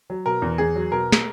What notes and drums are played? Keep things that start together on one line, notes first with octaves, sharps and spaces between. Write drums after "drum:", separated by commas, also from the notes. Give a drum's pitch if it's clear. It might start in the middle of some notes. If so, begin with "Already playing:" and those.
F#3
B2 A#4
E2
E2 G#4
F#3
B2 A#4
drum: snare